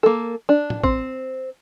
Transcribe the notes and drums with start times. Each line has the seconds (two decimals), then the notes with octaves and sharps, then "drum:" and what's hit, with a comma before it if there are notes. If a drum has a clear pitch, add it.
0.03 A#3 A4
0.49 D4
0.70 drum: tom
0.84 C4, drum: kick